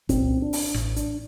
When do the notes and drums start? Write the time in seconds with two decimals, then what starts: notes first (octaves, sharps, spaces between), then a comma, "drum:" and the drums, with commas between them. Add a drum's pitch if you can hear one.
0.09 C2 A#2 C4, drum: kick, hi-hat
0.42 D4
0.53 drum: open hi-hat
0.74 A1 A2, drum: rim click
0.96 D4, drum: hi-hat